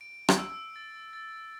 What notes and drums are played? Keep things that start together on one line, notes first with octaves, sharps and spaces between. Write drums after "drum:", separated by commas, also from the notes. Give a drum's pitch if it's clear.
D7
drum: rim click
E6
A6
A6